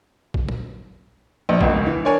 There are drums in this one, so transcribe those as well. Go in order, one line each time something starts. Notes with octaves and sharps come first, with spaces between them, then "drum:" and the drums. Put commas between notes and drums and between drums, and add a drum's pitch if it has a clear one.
drum: kick
drum: tom A#2
A#1
E1 C#2, drum: kick
E3
D4 A#4 C#5 G#5 C#6